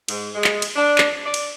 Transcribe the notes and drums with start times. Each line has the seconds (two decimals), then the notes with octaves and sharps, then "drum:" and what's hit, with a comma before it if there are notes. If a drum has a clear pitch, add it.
0.08 G#2, drum: cymbal
0.35 G#3
0.44 drum: clap
0.62 drum: cymbal
0.76 D4
0.98 drum: clap
1.24 D5
1.34 drum: cymbal